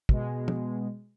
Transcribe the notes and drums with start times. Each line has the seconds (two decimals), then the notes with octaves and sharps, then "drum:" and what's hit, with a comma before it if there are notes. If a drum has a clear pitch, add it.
0.09 B2 G#3, drum: kick
0.48 drum: tom